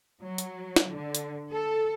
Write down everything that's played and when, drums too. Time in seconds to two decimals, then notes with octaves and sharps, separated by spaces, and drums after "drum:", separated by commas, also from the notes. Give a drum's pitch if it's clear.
0.23 F#3
0.38 drum: hi-hat
0.76 drum: snare
0.95 D3
1.15 drum: hi-hat
1.53 A4